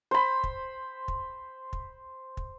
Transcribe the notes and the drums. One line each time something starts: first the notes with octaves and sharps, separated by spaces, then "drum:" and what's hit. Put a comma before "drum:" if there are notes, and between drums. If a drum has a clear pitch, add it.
C5 B5
drum: kick
drum: kick
drum: kick
drum: kick